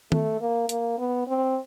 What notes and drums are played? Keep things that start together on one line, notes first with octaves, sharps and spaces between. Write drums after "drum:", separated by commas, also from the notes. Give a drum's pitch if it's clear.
A3, drum: tom D#3
A#3
A#3, drum: hi-hat
B3
C4